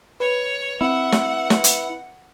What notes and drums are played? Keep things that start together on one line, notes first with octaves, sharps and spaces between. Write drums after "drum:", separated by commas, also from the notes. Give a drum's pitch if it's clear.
B4 C#5
C4 E4 F#5
drum: snare
drum: snare
drum: hi-hat